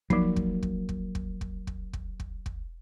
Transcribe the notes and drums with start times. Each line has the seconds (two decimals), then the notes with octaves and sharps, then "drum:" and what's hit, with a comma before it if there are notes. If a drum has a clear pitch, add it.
0.10 F3 F#3 A#3 D#4, drum: kick
0.36 drum: kick
0.63 drum: kick
0.89 drum: kick
1.15 drum: kick
1.41 drum: kick
1.67 drum: kick
1.93 drum: kick
2.20 drum: kick
2.46 drum: kick